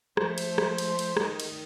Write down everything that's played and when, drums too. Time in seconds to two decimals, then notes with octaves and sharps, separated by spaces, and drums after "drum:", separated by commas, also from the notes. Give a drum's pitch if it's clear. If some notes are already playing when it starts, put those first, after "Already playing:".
0.17 F3 A3 C5, drum: rim click
0.38 drum: cymbal
0.58 drum: rim click
0.78 drum: cymbal
0.99 drum: cymbal
1.17 D#3, drum: rim click
1.40 drum: cymbal